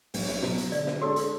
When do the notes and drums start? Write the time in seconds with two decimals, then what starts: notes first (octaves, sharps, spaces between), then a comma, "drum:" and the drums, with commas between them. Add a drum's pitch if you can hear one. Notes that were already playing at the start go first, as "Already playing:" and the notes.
0.14 B1, drum: open hi-hat
0.28 drum: snare
0.42 B2 F#3, drum: snare
0.58 drum: hi-hat
0.72 D3 D5, drum: hi-hat
0.87 drum: snare
1.01 G#3 D4 F#4 A4 C#5
1.16 drum: hi-hat